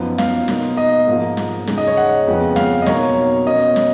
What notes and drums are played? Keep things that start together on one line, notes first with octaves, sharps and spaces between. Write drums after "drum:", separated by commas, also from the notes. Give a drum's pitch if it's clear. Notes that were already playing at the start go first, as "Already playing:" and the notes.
Already playing: F#2 F3 B3 D#4
F5, drum: snare
B2 A#3 D#4, drum: snare
D#5
G#2 F3 A#3
drum: snare
C#3 G#3 D#4, drum: snare
D#5
C#5
F#5
F2 C#3 F3 G#3 B3
F5, drum: snare
D#5
B2 F#3 A#3 D#4 C#5, drum: snare
B2 A#3 C#4 D#5
drum: snare